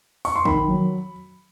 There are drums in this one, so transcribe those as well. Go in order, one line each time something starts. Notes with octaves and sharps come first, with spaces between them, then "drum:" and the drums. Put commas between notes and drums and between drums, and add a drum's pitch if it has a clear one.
C#6, drum: open hi-hat
C6
D#3 B5, drum: kick
F#3